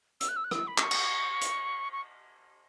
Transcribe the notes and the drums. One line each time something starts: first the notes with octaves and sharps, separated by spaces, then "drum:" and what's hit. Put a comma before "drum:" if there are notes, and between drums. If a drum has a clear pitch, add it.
E6, drum: hi-hat
F#6
E6
F#6
E6, drum: rim click
B5
C#6, drum: clap
drum: cymbal
drum: hi-hat
C#6